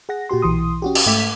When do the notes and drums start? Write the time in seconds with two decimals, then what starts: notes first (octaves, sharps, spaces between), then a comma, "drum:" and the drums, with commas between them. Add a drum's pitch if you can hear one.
0.09 G#4 F#5 A#6
0.29 A#2 F#4 G4 C6
0.42 B1 E3 C6 D#6
0.82 C#4 F#4 G4
0.95 drum: cymbal
1.06 G#2 A3 E5 G5 D6 B6